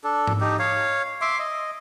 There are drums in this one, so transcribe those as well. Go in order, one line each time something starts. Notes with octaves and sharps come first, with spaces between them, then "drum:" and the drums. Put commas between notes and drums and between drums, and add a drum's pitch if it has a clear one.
D4 A4
drum: tom G#2
D#4 G4
C#5 F5
E5 C6 D6
D#5